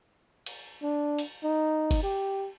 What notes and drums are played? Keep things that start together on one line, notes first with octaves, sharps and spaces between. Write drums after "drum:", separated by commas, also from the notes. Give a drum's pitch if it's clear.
drum: cymbal
D4
drum: cymbal
D#4
drum: kick, cymbal
G4